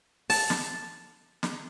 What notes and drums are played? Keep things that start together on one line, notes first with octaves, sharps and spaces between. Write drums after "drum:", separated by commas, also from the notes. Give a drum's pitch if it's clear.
A5, drum: open hi-hat
drum: snare
drum: snare